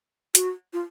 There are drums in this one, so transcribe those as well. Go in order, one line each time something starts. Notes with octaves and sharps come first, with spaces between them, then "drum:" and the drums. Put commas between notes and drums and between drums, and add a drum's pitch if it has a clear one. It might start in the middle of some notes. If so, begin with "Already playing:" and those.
F#4, drum: hi-hat
F4